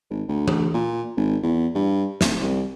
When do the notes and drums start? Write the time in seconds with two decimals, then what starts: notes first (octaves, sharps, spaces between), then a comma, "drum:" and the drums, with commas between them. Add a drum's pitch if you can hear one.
0.10 G#1
0.28 D2
0.48 drum: tom E3
0.74 A#2
1.17 G#1
1.43 E2
1.75 G2
2.21 D1, drum: snare
2.42 C2